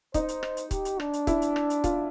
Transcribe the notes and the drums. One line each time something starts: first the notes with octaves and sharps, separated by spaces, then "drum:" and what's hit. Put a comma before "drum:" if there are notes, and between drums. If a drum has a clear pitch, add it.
D#4 C5, drum: kick, hi-hat
drum: hi-hat
drum: rim click
drum: hi-hat
G4, drum: kick, hi-hat
drum: hi-hat
D4, drum: rim click
drum: hi-hat
E4, drum: kick, hi-hat
drum: hi-hat
drum: rim click
drum: hi-hat
F4, drum: kick, hi-hat